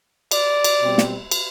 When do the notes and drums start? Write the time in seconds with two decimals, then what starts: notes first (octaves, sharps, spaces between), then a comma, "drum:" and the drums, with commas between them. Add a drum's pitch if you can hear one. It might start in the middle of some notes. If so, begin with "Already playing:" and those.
0.31 D5, drum: cymbal
0.64 drum: cymbal
0.81 B2 G3 C4
0.98 drum: snare
1.31 drum: cymbal